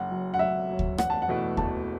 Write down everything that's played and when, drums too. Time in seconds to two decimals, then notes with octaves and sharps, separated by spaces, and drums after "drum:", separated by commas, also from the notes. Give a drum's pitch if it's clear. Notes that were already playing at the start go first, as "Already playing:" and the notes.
Already playing: F#1 F#5
0.10 F#2 F#3
0.34 F#5
0.39 F#1 E5
0.70 F#2 F#3
0.79 drum: kick D2
0.98 E1 F#5, drum: rim click
1.10 A5
1.22 F#5
1.28 E2 B2 A3 E4
1.57 E1 A5, drum: kick D2